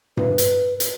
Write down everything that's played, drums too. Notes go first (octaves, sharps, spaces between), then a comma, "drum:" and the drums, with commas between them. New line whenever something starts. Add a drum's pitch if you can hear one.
B4, drum: tom G2
drum: hi-hat
drum: hi-hat